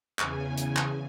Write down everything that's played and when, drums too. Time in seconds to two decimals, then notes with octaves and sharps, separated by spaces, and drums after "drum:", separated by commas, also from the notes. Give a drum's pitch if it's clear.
0.19 E2 C#3 G#5, drum: clap
0.57 drum: hi-hat
0.76 drum: clap